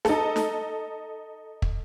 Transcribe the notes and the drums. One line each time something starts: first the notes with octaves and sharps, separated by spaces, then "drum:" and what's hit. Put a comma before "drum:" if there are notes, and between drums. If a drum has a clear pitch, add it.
D#4 A4, drum: snare
drum: snare
drum: kick